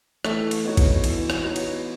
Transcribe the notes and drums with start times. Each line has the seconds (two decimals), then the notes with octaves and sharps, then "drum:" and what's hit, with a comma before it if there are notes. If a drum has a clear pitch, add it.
0.25 E3 A3, drum: rim click
0.51 drum: cymbal
0.64 B3 D#4 F#4 C#5
0.77 drum: kick, cymbal
1.04 E3, drum: cymbal
1.30 drum: rim click
1.42 B3 D#4 F#4 C#5
1.56 drum: cymbal